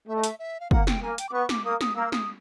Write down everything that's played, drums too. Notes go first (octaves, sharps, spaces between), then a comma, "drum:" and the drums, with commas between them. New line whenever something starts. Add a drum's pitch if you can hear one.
A3 E5
D#5
E5, drum: hi-hat
E5
F5
A#3 F#5, drum: kick
G5, drum: snare
A#3 G#5
G5, drum: hi-hat
D6
B3 C#6
D6, drum: snare
A#3 D#6
D#6, drum: snare
A#3 E6
D#6, drum: snare